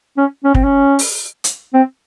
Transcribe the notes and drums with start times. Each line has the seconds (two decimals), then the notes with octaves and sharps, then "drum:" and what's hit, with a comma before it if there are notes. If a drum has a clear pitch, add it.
0.17 C#4
0.44 C#4
0.54 C4, drum: kick
0.64 C#4
0.99 drum: open hi-hat
1.44 drum: hi-hat
1.74 C4